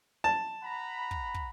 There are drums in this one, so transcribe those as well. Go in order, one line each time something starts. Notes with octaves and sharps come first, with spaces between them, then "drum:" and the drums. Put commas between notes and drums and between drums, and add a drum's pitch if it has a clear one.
A5
F#5 A#5 B5
drum: kick
drum: kick